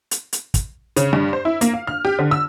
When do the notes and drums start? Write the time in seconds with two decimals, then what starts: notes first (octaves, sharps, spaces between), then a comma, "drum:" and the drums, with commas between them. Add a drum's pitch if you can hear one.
0.11 drum: hi-hat
0.33 drum: hi-hat
0.54 drum: kick, hi-hat
0.96 C#3, drum: hi-hat
1.13 G2
1.33 C5
1.45 E4
1.61 A#3, drum: hi-hat
1.74 F5
1.87 F6
2.05 G4
2.19 D3
2.31 E6